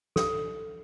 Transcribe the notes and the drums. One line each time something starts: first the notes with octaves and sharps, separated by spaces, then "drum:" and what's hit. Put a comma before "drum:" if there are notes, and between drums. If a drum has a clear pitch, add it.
A4, drum: snare